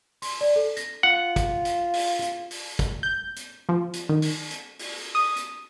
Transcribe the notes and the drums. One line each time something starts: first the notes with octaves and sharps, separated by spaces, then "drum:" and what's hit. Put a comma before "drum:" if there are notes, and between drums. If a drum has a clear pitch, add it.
C6, drum: open hi-hat
D5
A4
A#6, drum: hi-hat
F4 F#5
drum: kick, hi-hat
drum: hi-hat
drum: open hi-hat
drum: hi-hat
drum: open hi-hat
drum: kick, hi-hat
G6
drum: hi-hat
F3
drum: hi-hat
D#3
drum: open hi-hat
drum: hi-hat
drum: open hi-hat
D#6
drum: hi-hat